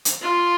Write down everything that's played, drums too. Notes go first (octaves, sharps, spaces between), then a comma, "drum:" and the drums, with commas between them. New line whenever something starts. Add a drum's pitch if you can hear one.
drum: hi-hat
F4